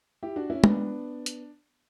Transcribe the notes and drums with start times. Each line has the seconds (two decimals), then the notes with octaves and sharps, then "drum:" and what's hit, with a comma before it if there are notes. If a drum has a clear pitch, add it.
0.23 E4 G4
0.36 D4 F#4
0.50 C#4 E4
0.64 B3 D4, drum: tom
1.26 drum: hi-hat